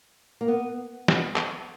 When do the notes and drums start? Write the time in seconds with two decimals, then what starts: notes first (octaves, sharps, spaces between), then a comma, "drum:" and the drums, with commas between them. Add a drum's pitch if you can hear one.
0.41 A#3
0.48 B3
1.08 B3, drum: snare
1.36 drum: clap